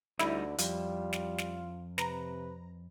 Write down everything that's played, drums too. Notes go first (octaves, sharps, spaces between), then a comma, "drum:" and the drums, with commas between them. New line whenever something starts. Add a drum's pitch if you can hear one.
D2 D3 G3 D#4 E4, drum: snare
F2 G3 F4, drum: hi-hat
drum: snare
drum: snare
C3 B4 A#5, drum: snare